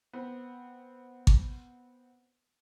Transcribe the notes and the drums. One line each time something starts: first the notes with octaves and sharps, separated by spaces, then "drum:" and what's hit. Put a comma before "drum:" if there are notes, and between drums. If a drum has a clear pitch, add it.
B3 C4
drum: kick G#1